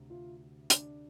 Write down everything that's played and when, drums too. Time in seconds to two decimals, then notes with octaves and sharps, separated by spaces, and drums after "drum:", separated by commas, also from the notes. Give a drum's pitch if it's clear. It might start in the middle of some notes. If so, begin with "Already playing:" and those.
Already playing: D2 C3
0.10 F4
0.70 D4, drum: hi-hat